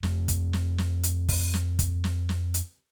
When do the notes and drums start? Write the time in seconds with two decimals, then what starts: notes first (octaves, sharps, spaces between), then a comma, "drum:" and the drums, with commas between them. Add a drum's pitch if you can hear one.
0.03 F2 A3, drum: snare
0.28 drum: kick, hi-hat
0.53 drum: snare
0.78 drum: snare
1.03 drum: hi-hat
1.29 drum: kick, open hi-hat
1.54 drum: snare
1.79 drum: kick, hi-hat
2.04 drum: snare
2.29 drum: snare
2.54 drum: hi-hat